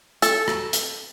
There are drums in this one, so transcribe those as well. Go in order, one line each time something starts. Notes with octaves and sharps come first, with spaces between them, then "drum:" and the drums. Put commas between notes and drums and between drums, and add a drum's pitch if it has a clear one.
A4, drum: hi-hat
drum: rim click
drum: hi-hat